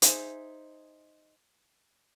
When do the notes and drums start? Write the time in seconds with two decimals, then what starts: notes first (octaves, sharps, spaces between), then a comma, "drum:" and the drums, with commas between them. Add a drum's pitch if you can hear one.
0.02 D#4 G#4 C5 E5, drum: hi-hat